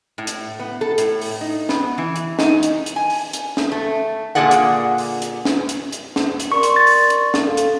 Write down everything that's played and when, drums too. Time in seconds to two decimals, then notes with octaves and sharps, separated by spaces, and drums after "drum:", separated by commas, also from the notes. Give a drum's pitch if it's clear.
0.18 A2
0.27 drum: hi-hat
0.59 B3
0.81 A4
0.98 A2, drum: hi-hat
1.21 drum: open hi-hat
1.41 D#4
1.69 B3, drum: snare
1.98 E3
2.16 drum: hi-hat
2.39 D#4, drum: snare
2.63 drum: hi-hat
2.86 drum: hi-hat
2.96 G#5
3.10 drum: open hi-hat
3.33 drum: hi-hat
3.57 drum: snare
3.72 A3
4.35 A#2 D3 A#3 G#4 D5 F#5
4.51 drum: hi-hat
4.98 drum: open hi-hat
5.22 drum: hi-hat
5.45 drum: snare
5.69 drum: hi-hat
5.92 drum: hi-hat
6.16 drum: snare
6.40 drum: hi-hat
6.52 A#4 D5 C6 C#6
6.63 drum: hi-hat
6.76 A6
6.87 drum: open hi-hat
7.10 drum: hi-hat
7.34 drum: snare
7.45 A4 F5
7.57 drum: hi-hat